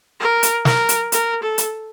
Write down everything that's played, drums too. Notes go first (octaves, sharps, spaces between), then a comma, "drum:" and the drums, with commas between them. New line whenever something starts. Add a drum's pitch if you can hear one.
A#4
drum: hi-hat
A#4, drum: snare
drum: hi-hat
A#4, drum: hi-hat
A4
drum: hi-hat